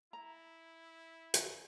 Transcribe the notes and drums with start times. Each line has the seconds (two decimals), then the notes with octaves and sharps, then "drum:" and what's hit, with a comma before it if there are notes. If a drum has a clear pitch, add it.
0.13 E4 A#5
1.34 drum: hi-hat